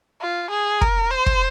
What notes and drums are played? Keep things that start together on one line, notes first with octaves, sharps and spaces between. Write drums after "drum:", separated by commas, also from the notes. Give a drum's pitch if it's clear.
F4
G#4
A#4, drum: kick
C5
drum: kick